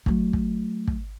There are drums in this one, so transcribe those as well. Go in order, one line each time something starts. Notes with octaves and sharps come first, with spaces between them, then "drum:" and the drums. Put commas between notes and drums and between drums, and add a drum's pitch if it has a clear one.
F#3 A3, drum: kick
drum: kick
drum: kick